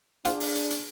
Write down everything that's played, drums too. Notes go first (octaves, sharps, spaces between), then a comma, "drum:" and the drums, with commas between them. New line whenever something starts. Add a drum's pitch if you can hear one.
D4 F4 G#4 C5 F#5, drum: hi-hat
drum: open hi-hat
drum: hi-hat
drum: hi-hat